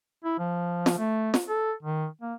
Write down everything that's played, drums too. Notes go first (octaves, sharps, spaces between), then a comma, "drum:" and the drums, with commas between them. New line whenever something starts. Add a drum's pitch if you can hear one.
E4
F3
drum: snare
A3
drum: snare
A4
D#3
A#3